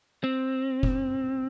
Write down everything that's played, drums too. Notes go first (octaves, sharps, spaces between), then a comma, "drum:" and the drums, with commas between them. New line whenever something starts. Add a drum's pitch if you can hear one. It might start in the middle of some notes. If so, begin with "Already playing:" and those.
C4
drum: kick F1